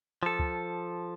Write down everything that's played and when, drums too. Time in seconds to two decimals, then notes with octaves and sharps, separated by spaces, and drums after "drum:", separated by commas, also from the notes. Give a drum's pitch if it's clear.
0.23 F3 A4
0.39 drum: kick